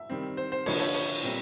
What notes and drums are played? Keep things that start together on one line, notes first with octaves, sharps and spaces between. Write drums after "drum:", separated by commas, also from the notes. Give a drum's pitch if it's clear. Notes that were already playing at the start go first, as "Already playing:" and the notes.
Already playing: E5
D#3 G3 C4
C5
C5
D3 F3 A#3 C#5, drum: cymbal
C#5
C#5
A#2 G3 C4